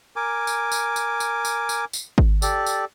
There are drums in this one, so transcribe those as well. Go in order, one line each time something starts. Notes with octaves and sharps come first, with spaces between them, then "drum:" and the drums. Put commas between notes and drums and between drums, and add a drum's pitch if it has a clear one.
A#4 G#5 D6
drum: tambourine
drum: tambourine
drum: tambourine
drum: tambourine
drum: tambourine
drum: tambourine
drum: tambourine
drum: kick G#1
G4 A4 D5, drum: tambourine
drum: tambourine